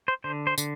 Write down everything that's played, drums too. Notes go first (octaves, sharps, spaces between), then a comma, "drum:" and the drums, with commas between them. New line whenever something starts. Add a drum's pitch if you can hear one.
C5
D3 C5
C5
D3, drum: tambourine